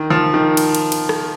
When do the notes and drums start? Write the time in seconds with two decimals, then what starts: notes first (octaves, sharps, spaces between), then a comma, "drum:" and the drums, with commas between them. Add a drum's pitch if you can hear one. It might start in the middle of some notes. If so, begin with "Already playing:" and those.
Already playing: D#3
0.10 F3
0.34 D#3
0.57 drum: cymbal
0.75 drum: cymbal
0.92 drum: cymbal
1.09 drum: rim click